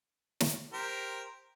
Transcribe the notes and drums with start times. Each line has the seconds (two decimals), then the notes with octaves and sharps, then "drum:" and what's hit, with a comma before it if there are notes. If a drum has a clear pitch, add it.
0.40 drum: snare
0.73 G4 A#4 C5